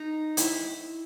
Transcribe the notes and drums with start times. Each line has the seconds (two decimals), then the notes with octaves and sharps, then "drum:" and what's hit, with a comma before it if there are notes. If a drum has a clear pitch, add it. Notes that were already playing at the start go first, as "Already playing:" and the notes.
Already playing: D#4
0.37 E4, drum: hi-hat